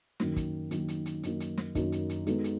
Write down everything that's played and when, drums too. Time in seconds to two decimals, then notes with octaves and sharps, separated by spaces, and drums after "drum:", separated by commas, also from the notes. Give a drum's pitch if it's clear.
0.20 F#2 D#3 F#3 A#3 D#4, drum: snare
0.36 drum: kick, hi-hat
0.71 F#2 D#3 F#3 A#3 D#4, drum: hi-hat
0.88 drum: hi-hat
1.06 drum: hi-hat
1.23 F#2 D#3 F#3 A#3 D#4, drum: hi-hat
1.40 drum: hi-hat
1.58 drum: snare
1.75 F#2 D#3 F#3 A#3 D#4, drum: kick, hi-hat
1.92 drum: hi-hat
2.09 drum: hi-hat
2.27 G#3 B3 D#4 F#4 A4, drum: hi-hat
2.44 drum: hi-hat